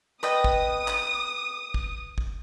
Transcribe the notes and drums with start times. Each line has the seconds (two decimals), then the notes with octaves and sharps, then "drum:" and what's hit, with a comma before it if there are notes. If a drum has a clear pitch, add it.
0.23 B4 D#5 G5 D#6
0.44 drum: kick
0.88 drum: clap
1.74 drum: kick
2.18 drum: kick